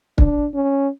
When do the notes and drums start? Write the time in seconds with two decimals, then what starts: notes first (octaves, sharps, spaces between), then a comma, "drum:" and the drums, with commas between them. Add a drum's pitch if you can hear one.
0.18 D4, drum: kick
0.54 C#4